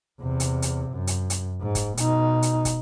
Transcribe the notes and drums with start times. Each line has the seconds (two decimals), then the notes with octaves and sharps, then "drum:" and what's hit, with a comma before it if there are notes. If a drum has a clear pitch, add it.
0.21 E2 C3
0.40 drum: hi-hat
0.62 drum: hi-hat
0.90 F#2
1.07 drum: hi-hat
1.30 drum: hi-hat
1.61 G#2
1.75 drum: kick, hi-hat
1.97 B2 D#4, drum: hi-hat
2.42 drum: hi-hat
2.65 drum: kick, hi-hat